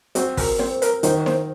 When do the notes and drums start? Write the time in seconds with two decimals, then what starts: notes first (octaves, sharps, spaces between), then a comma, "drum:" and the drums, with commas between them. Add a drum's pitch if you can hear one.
0.15 C4 F#4, drum: hi-hat
0.37 A#4, drum: kick, open hi-hat
0.59 C4 C5, drum: snare E4
0.82 A#4, drum: hi-hat
1.03 D#3 C5, drum: hi-hat
1.26 C5, drum: snare E4